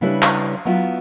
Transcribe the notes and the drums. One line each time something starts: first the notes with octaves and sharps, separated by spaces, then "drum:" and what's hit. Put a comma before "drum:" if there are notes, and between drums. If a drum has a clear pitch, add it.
C#3 G3 D4 E4 B4 C#5
drum: clap
F#3 B3 E4 F4 E5